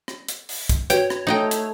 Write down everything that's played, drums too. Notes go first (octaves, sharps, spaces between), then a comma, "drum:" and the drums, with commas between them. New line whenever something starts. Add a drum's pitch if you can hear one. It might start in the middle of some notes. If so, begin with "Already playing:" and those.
drum: rim click
drum: hi-hat
drum: open hi-hat
drum: kick, hi-hat
F#4 G4 B4 C#5 G5, drum: hi-hat
drum: rim click
A3 D#4 D#5 G5
drum: hi-hat